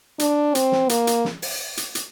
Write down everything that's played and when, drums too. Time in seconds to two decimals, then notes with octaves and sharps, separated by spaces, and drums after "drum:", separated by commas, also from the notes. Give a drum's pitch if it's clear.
0.19 D4, drum: hi-hat
0.55 C4, drum: hi-hat
0.72 drum: snare
0.89 A#3, drum: hi-hat
1.07 drum: hi-hat
1.25 drum: snare
1.42 drum: open hi-hat
1.77 drum: hi-hat
1.95 drum: hi-hat